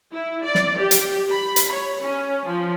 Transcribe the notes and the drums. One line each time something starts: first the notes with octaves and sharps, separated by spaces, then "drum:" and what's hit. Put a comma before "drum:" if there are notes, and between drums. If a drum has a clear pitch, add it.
E4
D5
drum: snare
G4
drum: hi-hat
B5
drum: hi-hat
C#5
C#4
F3